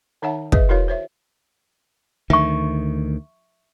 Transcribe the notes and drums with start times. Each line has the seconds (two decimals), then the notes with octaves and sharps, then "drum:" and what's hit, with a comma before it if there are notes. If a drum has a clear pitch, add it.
0.22 D#3 D#4 C#5 E5 F#5 A5
0.52 G#4 B4 D#5 E5, drum: kick
0.69 E4 F#4 A#4 B4 C#5 F5
0.88 C5 C#5 E5
2.30 D2 D#3 E5 C#6